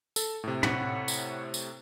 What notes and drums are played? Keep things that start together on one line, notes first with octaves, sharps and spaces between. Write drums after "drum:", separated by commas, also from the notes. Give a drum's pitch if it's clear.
A4, drum: tambourine
A2 C3
C#5 F#5 B5, drum: tom
drum: tambourine
drum: tambourine